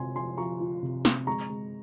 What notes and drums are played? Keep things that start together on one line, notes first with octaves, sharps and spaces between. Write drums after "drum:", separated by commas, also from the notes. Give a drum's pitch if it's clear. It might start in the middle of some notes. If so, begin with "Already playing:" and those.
Already playing: C3 F3 C4 G#5 C6
F3 G#5 C6
F3 A#5 C#6
F4
C3
C4, drum: snare
G#3 A#5 C#6
G#3